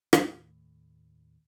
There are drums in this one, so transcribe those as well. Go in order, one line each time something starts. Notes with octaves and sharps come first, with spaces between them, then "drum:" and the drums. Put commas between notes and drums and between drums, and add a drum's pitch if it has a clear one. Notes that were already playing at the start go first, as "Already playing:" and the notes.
D#2 A2 A3, drum: rim click